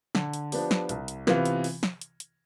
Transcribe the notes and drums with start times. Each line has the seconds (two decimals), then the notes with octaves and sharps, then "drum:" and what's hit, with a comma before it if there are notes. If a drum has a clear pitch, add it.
0.15 D3, drum: snare
0.34 drum: hi-hat
0.52 F3 B3 D4 G4, drum: open hi-hat
0.71 drum: snare
0.89 C2, drum: hi-hat
1.08 drum: hi-hat
1.27 C3 E3 B3 F4, drum: snare
1.45 drum: hi-hat
1.64 drum: open hi-hat
1.83 drum: snare
2.01 drum: hi-hat
2.20 drum: hi-hat